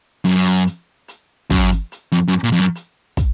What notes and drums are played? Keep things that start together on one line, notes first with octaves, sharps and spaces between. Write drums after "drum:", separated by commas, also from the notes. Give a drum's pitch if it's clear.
F#2, drum: hi-hat
drum: hi-hat
drum: hi-hat
drum: hi-hat
F#2, drum: kick, hi-hat
drum: hi-hat
drum: hi-hat
F2, drum: hi-hat
F#2
A#2
F2
F#2
drum: hi-hat
drum: kick, hi-hat